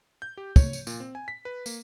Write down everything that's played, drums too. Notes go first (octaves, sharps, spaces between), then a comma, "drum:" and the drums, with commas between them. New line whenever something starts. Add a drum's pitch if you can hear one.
G6
G4
C#5, drum: kick, tambourine
drum: tambourine
A#2, drum: tambourine
C4
G#5
B6
B4
A#3, drum: tambourine